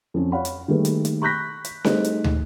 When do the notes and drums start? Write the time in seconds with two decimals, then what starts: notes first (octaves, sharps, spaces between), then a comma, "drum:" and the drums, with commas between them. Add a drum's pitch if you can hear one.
0.14 F2 C#4
0.32 C#5 F5 F#5 B5
0.45 drum: hi-hat
0.68 D#3 G3 A3 A#3 G#4 B4
0.85 drum: hi-hat
1.05 drum: hi-hat
1.22 B5 C#6 F#6 G6 A#6 B6
1.65 drum: hi-hat
1.84 G3 A3 D#4 G#4 C5 D#5, drum: snare C4
2.04 drum: hi-hat
2.24 drum: tom